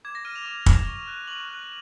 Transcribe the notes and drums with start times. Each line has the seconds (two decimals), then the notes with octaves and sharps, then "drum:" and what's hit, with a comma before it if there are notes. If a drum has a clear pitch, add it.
0.05 D6 G#6
0.15 A#6
0.25 F6 D#7
0.36 F7
0.46 D6
0.66 F6, drum: kick
0.87 C#6
1.07 F#6
1.28 C#6 F#7
1.49 F#6